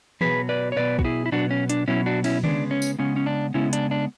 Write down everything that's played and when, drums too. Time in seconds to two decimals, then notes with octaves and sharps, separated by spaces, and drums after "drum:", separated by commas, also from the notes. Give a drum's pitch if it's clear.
0.21 B2 F#3 B3 G#4 B4, drum: tom E3
0.49 B4 D5
0.72 C#5
0.76 B2 F#3 B3 B4 D5
0.99 F#4, drum: kick
1.04 E4 G#4
1.26 E4
1.32 B2 F#3 B3 D4 F#4
1.51 C#4
1.69 D4, drum: hi-hat
1.88 B2 F#3 B3 C#4 E4
2.06 D4 F#4
2.24 C#4 E4, drum: cymbal
2.44 C#3 G#3 B3 D4, drum: tom D3
2.71 C#4
2.82 drum: tambourine
2.99 C#3 G#3 B3 C#4
3.16 C#4
3.26 D4
3.54 C#3 G#3 B3 C#4 E4
3.73 D4, drum: hi-hat
3.91 D4